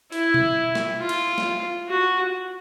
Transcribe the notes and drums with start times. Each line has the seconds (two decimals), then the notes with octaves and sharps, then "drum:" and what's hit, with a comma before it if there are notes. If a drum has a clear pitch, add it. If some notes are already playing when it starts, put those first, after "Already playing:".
0.12 E4, drum: open hi-hat
0.34 drum: tom B2
0.75 drum: snare
1.00 F4
1.09 drum: cymbal
1.38 drum: snare
1.89 F#4